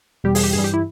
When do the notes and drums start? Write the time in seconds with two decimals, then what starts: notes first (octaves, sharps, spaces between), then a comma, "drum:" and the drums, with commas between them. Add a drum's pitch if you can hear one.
0.24 E2 B2 G3 G4
0.35 G#4, drum: open hi-hat
0.43 G4
0.53 G2 E3 G3 G#4
0.64 G4
0.74 E4